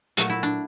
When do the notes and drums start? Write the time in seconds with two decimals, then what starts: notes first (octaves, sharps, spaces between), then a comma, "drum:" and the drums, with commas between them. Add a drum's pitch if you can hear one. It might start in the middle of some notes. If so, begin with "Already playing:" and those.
0.17 A#2 F#3 A3 F#4, drum: hi-hat
0.30 E4
0.43 D4